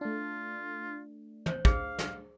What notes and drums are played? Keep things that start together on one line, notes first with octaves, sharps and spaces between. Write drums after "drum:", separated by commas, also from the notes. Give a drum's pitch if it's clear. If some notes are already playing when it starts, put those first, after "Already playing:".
A3 D4 F4
C5 C#5, drum: tom
G#4 F5, drum: kick
drum: snare